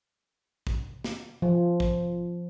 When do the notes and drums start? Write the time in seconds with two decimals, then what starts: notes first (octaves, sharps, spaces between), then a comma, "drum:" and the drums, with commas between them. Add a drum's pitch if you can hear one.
0.67 drum: kick
1.04 drum: snare
1.42 F3
1.80 drum: kick